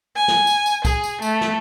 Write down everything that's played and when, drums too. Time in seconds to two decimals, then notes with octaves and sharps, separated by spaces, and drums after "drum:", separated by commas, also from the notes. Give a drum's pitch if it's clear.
0.16 G#5
0.28 drum: snare
0.47 drum: tambourine
0.66 drum: tambourine
0.85 G#4, drum: kick, tambourine
1.04 drum: tambourine
1.22 A3, drum: tambourine
1.41 drum: snare